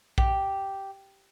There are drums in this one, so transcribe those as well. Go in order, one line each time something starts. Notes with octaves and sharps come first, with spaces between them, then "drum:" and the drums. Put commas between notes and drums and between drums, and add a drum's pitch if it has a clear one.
G4, drum: kick A#1